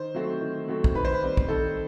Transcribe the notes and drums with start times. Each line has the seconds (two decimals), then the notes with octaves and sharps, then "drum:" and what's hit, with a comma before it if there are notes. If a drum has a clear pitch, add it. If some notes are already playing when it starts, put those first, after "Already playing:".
Already playing: D#3 C5
0.15 F#3 A3 C4
0.41 D#3
0.68 F#3 A3 C4
0.84 drum: kick
0.95 D#3 B4
1.05 C5
1.14 B4
1.22 G3 C4
1.37 drum: kick
1.48 D#3 A4